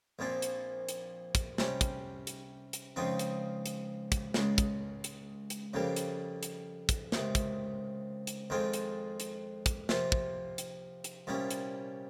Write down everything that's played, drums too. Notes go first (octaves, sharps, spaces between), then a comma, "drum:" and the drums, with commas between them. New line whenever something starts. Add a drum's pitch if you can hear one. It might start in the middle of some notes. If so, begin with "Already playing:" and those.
A#1 A#2 F3 C4
drum: hi-hat
drum: hi-hat
drum: kick, hi-hat
C3 G3 C#4, drum: snare
drum: kick, hi-hat
drum: hi-hat
drum: hi-hat
C#2 C#3 F3 C4 D#4
drum: hi-hat
drum: hi-hat
drum: kick, hi-hat
C#2 C#3 G#3, drum: snare
drum: kick, hi-hat
drum: hi-hat
drum: hi-hat
F2 C#3 G3 A#3
drum: hi-hat
drum: hi-hat
drum: kick, hi-hat
C#2 C3 D#3, drum: snare
drum: kick, hi-hat
drum: hi-hat
F2 D#3 G#3 C4 F4
drum: hi-hat
drum: hi-hat
drum: kick, hi-hat
C3 F3 A#3 F4, drum: snare
drum: kick
drum: hi-hat
drum: hi-hat
C2 A#2 G3 C#4
drum: hi-hat